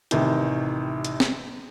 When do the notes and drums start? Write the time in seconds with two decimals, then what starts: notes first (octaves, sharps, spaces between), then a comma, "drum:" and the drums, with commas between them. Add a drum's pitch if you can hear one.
0.11 A1 C3 D#3, drum: hi-hat
1.05 drum: hi-hat
1.20 drum: snare